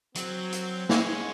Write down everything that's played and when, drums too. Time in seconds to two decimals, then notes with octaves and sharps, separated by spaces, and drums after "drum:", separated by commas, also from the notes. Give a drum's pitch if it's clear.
0.15 F#3 C4, drum: hi-hat
0.52 drum: hi-hat
0.89 G#3 C#4, drum: snare